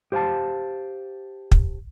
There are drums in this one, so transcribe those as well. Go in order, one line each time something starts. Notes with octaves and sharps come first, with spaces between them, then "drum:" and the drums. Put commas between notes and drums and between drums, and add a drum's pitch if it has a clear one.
G4 C5 F5 G5 A5
drum: kick